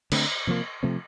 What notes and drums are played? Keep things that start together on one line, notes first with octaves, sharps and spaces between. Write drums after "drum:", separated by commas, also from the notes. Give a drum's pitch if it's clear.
D3 A3 C4, drum: cymbal
C3 F3 A#3
C3 F3 A3 C4